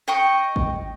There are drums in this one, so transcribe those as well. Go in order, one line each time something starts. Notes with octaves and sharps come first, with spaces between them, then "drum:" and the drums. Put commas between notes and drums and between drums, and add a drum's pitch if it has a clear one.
D#5 G5 C#6
drum: kick